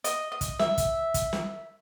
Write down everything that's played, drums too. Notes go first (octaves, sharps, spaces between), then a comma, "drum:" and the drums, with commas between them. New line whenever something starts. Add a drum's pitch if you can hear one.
D#5, drum: hi-hat
D#5
drum: kick, hi-hat
E5, drum: snare
drum: kick, hi-hat
drum: kick, hi-hat
drum: snare